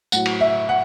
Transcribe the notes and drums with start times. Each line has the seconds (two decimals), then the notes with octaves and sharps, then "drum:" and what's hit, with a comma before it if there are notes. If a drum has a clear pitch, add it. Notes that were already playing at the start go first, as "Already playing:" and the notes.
0.12 A2 F#3 F#5, drum: tambourine
0.26 drum: cymbal
0.41 E5
0.69 F#5